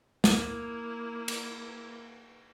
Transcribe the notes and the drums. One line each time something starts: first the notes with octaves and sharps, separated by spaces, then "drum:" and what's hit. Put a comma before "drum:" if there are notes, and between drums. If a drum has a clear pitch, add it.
A#3 E4, drum: snare
drum: cymbal